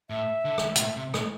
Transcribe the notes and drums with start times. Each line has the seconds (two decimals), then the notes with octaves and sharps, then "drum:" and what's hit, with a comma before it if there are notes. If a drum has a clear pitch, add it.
0.10 A2 E5
0.45 D3
0.58 drum: rim click
0.76 C3, drum: hi-hat
0.79 A2
0.97 C3
1.14 A2, drum: rim click